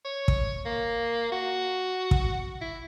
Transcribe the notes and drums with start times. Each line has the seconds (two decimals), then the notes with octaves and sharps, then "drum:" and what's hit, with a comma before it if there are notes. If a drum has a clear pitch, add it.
0.05 C#5
0.28 drum: kick
0.65 A#3
1.32 F#4
2.11 drum: kick
2.61 E4